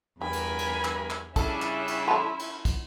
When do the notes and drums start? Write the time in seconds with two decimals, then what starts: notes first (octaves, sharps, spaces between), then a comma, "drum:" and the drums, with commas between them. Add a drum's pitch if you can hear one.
0.21 E2 G2 G3 A#4 G#5 B5
0.33 drum: cymbal
0.59 drum: cymbal
0.84 drum: clap
1.10 drum: clap
1.36 C#3 G3 C#4 D4 E4 A4 E5, drum: kick, cymbal
1.62 drum: clap
1.88 drum: cymbal
2.08 F#4 A4 A5 B5 C6
2.39 drum: cymbal
2.65 drum: kick, cymbal